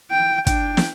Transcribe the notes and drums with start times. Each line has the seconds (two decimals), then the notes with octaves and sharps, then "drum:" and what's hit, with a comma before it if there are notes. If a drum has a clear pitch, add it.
0.11 G5
0.47 D4 G5, drum: kick, hi-hat
0.77 drum: snare